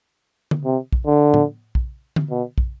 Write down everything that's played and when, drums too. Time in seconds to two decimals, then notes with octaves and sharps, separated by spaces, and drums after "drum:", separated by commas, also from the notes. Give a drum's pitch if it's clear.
0.51 drum: tom D3
0.65 C3
0.93 drum: kick
1.06 D3
1.34 drum: tom A2
1.75 drum: kick
2.16 drum: tom D3
2.30 B2
2.58 drum: kick